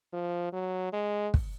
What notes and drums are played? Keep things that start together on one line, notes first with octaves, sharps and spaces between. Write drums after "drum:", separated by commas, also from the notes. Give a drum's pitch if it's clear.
F3
F#3
G#3
drum: kick